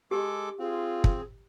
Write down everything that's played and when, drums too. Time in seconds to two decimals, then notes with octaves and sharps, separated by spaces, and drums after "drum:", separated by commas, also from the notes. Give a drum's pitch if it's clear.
0.11 G#3 G4 A4 D6
0.59 C4 F4 G#4
1.04 drum: kick